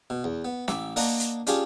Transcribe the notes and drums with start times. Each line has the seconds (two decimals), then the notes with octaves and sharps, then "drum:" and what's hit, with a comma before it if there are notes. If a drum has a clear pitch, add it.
0.10 B2
0.24 E2
0.45 B3
0.68 A1 E5 D6, drum: snare
0.96 A#3 D4 D#5 F#5 D#6, drum: open hi-hat
1.20 drum: hi-hat
1.47 C#4 D4 F4 G4 G#4, drum: hi-hat